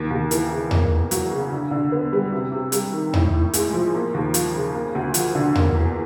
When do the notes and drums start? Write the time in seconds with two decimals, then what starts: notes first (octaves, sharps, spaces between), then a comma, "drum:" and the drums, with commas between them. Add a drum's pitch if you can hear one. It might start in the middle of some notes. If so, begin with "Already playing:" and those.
Already playing: D#2
0.11 D#2
0.31 E3, drum: hi-hat
0.51 C#3
0.71 A#3, drum: tom E2
0.91 E2
1.11 F#3, drum: hi-hat
1.31 C#3
1.52 D3
1.71 D3
1.92 B3
2.13 G3
2.32 C3
2.52 C3
2.72 G3, drum: hi-hat
2.92 D#3
3.14 A2, drum: tom E2
3.33 A2
3.53 G#3, drum: hi-hat
3.73 F3
3.94 A#3
4.14 D#2
4.34 F3, drum: hi-hat
4.54 C#3
4.74 A#3
4.95 D2
5.14 F3, drum: hi-hat
5.35 D3
5.55 A#3, drum: tom E2
5.75 E2